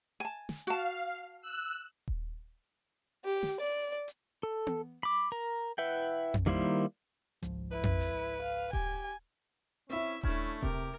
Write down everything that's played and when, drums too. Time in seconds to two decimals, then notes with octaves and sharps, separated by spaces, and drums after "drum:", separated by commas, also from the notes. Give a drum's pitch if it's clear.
0.20 G#5 A5
0.49 drum: snare
0.67 F#4 F5 A5
1.41 E6 F#6
2.08 drum: kick D#1
3.25 G4
3.43 drum: snare
3.60 D5
4.08 drum: hi-hat
4.43 A4
4.67 drum: tom B3
5.03 B5 D6
5.32 A#4 A#5
5.78 E4 B4 E5 F#5 G5
6.34 drum: tom F2
6.46 D#3 G3 A#3 E4 C5
7.42 G#1 C#2 F3, drum: hi-hat
7.72 E4 B4
7.83 drum: tom F2
8.00 drum: open hi-hat
8.43 F5
8.73 G4 G#5, drum: kick D#1
9.90 C4 C#4 E4 E5
10.23 A3 C#4 D4 E4 F6 G#6, drum: kick D#1
10.62 C3 G4 A#4, drum: kick D#1